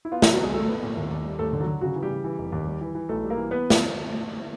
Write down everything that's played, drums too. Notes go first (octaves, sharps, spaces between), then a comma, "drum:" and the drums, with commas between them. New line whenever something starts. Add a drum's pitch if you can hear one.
E4
B3 F4
F#3 F#4, drum: snare
B3
F#3 F#4
C2 G#3 G#4
F#3 A3 A4
B3
A#2
D#2
D#2
G3
D#2 A3 A4
D3
F#3 F#4
D3
C#3 F#3 F#4
E3
G3 G4
C#3
E3
F1
D#2
G3
E3
E3
B1 A3 A4
G3
A#3 A#4
E3
B3 B4
drum: snare